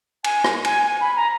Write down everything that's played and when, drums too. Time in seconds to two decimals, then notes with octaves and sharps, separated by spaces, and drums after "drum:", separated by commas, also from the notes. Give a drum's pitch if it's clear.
0.24 G#5, drum: cymbal
0.44 drum: rim click
0.65 G#5, drum: cymbal
0.85 G#5
1.01 B5
1.16 A#5